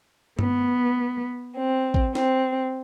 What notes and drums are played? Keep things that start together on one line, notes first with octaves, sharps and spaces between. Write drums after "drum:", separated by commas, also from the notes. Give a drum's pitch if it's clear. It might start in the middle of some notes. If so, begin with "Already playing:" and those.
B3, drum: tom G2
C4
drum: kick A1
C4, drum: snare